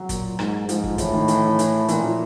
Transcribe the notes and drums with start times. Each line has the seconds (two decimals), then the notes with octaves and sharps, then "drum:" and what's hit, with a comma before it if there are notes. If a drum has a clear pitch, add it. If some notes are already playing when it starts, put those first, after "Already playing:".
Already playing: F#3
0.09 A#2, drum: kick, hi-hat
0.39 G#2, drum: rim click
0.69 G#2 F3, drum: hi-hat
0.84 drum: kick
0.98 A2 E3, drum: kick, hi-hat
1.13 D#3
1.28 E3, drum: hi-hat
1.43 E3
1.59 E3, drum: hi-hat
1.88 A#2 E3, drum: hi-hat
2.03 F3